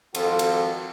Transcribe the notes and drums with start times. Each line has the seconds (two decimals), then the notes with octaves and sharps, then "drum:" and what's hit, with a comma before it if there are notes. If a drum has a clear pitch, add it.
0.15 G#1 F2 F3 F4 F#4 A4, drum: cymbal
0.39 drum: cymbal